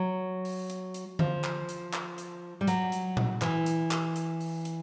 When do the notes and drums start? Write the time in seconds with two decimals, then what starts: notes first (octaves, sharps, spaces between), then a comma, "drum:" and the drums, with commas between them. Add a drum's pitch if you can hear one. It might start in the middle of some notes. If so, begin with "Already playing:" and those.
Already playing: F#3
0.45 drum: open hi-hat
0.70 drum: hi-hat
0.94 drum: hi-hat
1.19 F3, drum: tom D3
1.44 drum: clap
1.69 drum: hi-hat
1.93 drum: clap
2.18 drum: hi-hat
2.61 G3
2.67 F#3, drum: hi-hat
2.92 drum: hi-hat
3.17 drum: tom A#2
3.42 E3, drum: clap
3.66 drum: hi-hat
3.91 drum: clap
4.16 drum: hi-hat
4.41 drum: open hi-hat
4.65 drum: hi-hat